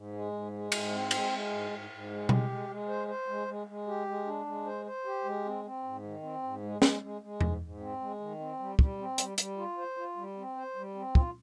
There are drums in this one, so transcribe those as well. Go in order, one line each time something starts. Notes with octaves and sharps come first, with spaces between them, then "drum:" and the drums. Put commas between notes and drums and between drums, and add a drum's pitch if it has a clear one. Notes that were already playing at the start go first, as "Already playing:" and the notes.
Already playing: G#2
G#3
G#2
G#3
G#2, drum: cymbal
C4
G#3, drum: cymbal
G#3
G#2
G#2
G#2
G#3
G4, drum: tom B2
G#3
G#3
C5
C5
G#3
G#3
G#3
G4
G#3
D4
G#3
C5
C5
G4
G#3
C4
C4
G#2
D#3
C4
G#2
G#3
G#3, drum: snare
G#3
G#3
G#2, drum: tom E2
G#2
C4
G#3
D#3
C4
G3
G3, drum: kick
C4
G3, drum: hi-hat
G3, drum: hi-hat
F4
C5
F4
G3
C4
C5
G3
C4
F4, drum: kick